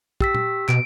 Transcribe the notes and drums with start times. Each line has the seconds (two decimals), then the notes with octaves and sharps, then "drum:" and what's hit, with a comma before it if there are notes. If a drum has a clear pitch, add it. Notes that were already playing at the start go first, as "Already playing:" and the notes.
0.20 G4 E6 B6, drum: kick
0.35 drum: tom A#2
0.68 B2 D7, drum: clap